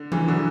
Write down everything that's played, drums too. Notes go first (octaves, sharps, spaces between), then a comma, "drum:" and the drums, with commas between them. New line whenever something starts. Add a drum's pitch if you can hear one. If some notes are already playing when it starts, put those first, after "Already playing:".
Already playing: D3
C#3 E3, drum: tom E3
D3 F#3